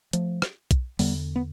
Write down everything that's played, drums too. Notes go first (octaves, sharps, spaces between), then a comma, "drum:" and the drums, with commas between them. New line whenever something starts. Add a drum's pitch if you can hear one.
F3 A3, drum: hi-hat
drum: rim click
drum: kick, hi-hat
E2 D3 G3 B3, drum: open hi-hat
B3